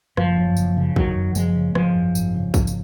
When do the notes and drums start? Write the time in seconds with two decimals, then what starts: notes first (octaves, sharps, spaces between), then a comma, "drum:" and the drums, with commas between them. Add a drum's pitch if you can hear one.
0.17 F#1 F3, drum: rim click
0.37 F#2
0.57 F#1, drum: tambourine
0.77 C#3
0.96 F#1 D#3 F#3, drum: kick
1.16 F#2
1.35 F#1 F3 G#3, drum: tambourine
1.55 C#3
1.75 G#1 F3 G#3, drum: rim click
1.95 F#2
2.15 G#1, drum: tambourine
2.34 C#3
2.54 G#1, drum: kick, tambourine
2.67 drum: tambourine